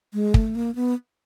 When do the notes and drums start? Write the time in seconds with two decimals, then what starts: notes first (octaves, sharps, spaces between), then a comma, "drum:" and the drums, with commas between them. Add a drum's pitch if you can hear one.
0.14 G#3
0.34 A3, drum: kick
0.55 A#3
0.75 B3